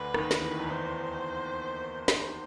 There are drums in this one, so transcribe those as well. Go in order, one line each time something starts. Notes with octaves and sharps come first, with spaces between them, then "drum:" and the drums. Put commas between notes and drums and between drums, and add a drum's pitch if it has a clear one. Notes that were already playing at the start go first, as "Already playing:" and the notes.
Already playing: D2 D3 B4
D#2 D#3, drum: rim click
drum: snare
E3
D#3
E2 E3
E2 E3 C5
drum: snare